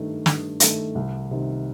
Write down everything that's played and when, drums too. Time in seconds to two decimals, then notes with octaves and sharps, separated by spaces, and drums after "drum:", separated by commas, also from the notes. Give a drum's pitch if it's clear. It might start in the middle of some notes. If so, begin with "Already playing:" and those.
Already playing: G2 D#3 A3
0.26 G2, drum: snare
0.60 D#3 A3, drum: hi-hat
0.95 C2
1.31 C3 D#3